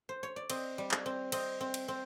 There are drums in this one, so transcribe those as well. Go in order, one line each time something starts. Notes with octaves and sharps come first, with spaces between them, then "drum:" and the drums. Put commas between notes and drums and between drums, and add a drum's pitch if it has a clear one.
C5
C#5
D5
C4 D#5, drum: cymbal
G3
drum: clap
C4
C4 D#5, drum: cymbal
C4
drum: cymbal
C4